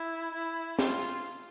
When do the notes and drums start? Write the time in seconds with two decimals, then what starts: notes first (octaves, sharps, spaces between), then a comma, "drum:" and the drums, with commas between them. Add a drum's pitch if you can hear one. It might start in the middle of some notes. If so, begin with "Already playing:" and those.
Already playing: E4
0.34 E4
0.79 F4, drum: snare